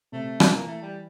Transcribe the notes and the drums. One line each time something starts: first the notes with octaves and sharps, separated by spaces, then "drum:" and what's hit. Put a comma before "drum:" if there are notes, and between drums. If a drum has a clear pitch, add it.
C3 A3
drum: rim click
E3 A#3
A3
G3